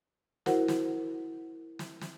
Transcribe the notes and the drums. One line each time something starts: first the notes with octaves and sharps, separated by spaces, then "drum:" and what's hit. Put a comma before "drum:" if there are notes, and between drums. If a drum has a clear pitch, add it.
E4 F#4 A#4 C5 F#5, drum: snare
drum: snare
drum: snare
drum: snare